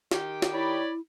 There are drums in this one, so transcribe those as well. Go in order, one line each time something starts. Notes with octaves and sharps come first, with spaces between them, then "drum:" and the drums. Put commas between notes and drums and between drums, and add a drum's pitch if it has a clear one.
D#3 G4, drum: snare
drum: snare
E4 C#5 D5 B5